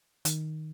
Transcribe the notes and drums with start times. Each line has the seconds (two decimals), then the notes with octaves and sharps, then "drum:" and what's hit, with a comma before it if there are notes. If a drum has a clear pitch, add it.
0.25 D#3, drum: hi-hat